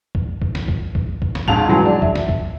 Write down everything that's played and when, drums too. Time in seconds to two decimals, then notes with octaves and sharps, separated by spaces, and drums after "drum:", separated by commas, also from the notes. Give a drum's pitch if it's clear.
0.15 drum: kick C2
0.42 drum: kick C2
0.55 drum: snare
0.68 drum: kick C2
0.95 drum: kick C2
1.22 drum: kick C2
1.35 drum: snare
1.48 G#1 G#2 F5 A5 F7, drum: kick C2
1.68 E3 F#3 G#3
1.85 D4
2.02 E5, drum: kick C2
2.15 drum: snare
2.29 drum: kick C2